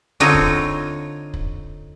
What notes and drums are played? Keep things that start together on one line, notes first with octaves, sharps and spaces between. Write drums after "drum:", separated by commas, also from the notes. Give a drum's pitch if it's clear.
D3 C4 D#4 F4 C#5
drum: kick
drum: kick